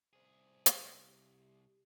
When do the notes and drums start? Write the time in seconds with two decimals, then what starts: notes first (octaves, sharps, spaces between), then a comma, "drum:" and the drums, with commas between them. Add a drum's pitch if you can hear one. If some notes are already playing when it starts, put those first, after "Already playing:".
0.13 C2 G#4 C5
0.66 drum: hi-hat
1.06 G4